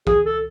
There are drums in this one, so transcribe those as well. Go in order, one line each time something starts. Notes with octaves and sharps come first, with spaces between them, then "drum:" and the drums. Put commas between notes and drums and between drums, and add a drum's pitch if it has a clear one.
G#4, drum: kick
A4